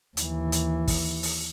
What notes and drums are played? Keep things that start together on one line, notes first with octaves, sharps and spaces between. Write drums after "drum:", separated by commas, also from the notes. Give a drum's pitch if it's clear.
D#2 E3, drum: hi-hat
drum: hi-hat
drum: kick, open hi-hat
drum: open hi-hat